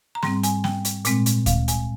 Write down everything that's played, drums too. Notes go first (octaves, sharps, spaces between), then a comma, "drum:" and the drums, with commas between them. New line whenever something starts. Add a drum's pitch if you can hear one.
A#5
G#2 G3 C4 C6, drum: snare
G#5, drum: hi-hat
G5, drum: snare
drum: hi-hat
A#2 G#3 C4, drum: hi-hat
drum: hi-hat
F5, drum: kick D2, hi-hat
G#5, drum: hi-hat